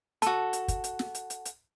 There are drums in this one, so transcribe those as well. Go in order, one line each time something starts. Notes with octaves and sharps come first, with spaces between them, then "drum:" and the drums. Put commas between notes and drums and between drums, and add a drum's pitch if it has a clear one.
F#4 A4 A5, drum: hi-hat
drum: hi-hat
drum: kick, hi-hat
drum: hi-hat
drum: snare
drum: hi-hat
drum: hi-hat
drum: hi-hat